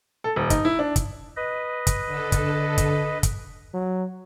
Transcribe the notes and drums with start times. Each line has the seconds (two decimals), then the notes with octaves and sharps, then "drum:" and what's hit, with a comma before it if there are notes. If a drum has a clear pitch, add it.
0.24 A4
0.36 D#1
0.50 D#4, drum: kick, hi-hat
0.65 E4
0.79 D4
0.96 drum: kick, hi-hat
1.37 B4 D#5
1.87 drum: kick, hi-hat
2.07 D3 A4
2.32 drum: kick, hi-hat
2.78 drum: kick, hi-hat
3.23 drum: kick, hi-hat
3.74 F#3